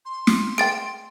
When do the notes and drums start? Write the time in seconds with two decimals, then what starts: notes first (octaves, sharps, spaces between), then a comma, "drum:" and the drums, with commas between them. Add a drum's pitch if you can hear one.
0.05 C6
0.27 drum: snare
0.58 G#4 G5 A6 D7